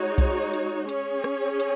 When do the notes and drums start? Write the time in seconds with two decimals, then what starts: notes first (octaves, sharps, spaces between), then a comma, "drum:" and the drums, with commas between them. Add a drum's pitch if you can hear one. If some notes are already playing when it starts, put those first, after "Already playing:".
Already playing: G#3 D#4 F#4 C#5
0.18 drum: kick B1, hi-hat
0.53 drum: hi-hat
0.89 C#4 G#4 C#5, drum: hi-hat
1.24 drum: rim click
1.60 drum: hi-hat